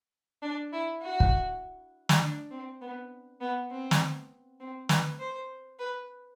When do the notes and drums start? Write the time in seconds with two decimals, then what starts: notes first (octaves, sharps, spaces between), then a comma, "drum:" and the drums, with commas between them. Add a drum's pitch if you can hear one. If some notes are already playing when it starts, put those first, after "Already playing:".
0.42 D4
0.73 E4
1.02 F#4
1.20 drum: kick
2.09 drum: snare
2.22 D4
2.51 C4
2.81 B3
3.41 B3
3.71 C4
3.91 drum: snare
4.60 C4
4.89 B4, drum: snare
5.19 C5
5.79 B4